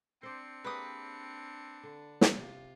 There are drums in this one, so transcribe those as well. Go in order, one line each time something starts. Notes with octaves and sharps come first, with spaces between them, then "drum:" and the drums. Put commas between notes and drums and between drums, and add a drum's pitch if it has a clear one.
C4 D4 C5 D5 C#7
A#3 G4 G#4 B4 D#6
D3
drum: snare
C3 F4